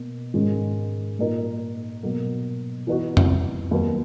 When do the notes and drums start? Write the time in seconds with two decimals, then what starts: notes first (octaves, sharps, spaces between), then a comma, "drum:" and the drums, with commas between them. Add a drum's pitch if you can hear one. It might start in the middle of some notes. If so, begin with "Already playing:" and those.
Already playing: B2 A#3
0.34 G#2 D#3 G#3 C#4
1.19 A#2 A#3 D#4 A#4
2.03 B2 F#3 A#3
2.87 E3 B3 D#4 F#4
3.17 drum: tom F2
3.71 D#2 D#3 F#3 B3